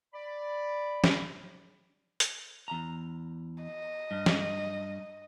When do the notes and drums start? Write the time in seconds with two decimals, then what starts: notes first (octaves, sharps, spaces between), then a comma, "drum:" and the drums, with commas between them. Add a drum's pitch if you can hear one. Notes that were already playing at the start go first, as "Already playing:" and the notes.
0.14 D5 B5
1.04 drum: snare
2.20 drum: hi-hat
2.68 E2 A#5
3.64 D#5
4.11 G2
4.26 drum: snare